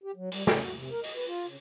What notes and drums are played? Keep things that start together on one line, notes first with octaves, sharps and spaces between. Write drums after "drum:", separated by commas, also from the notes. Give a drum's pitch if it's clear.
G4
F#3
G3, drum: open hi-hat
C#4, drum: snare
F#4
C3
A#4
D#5, drum: open hi-hat
B4
F4
C#3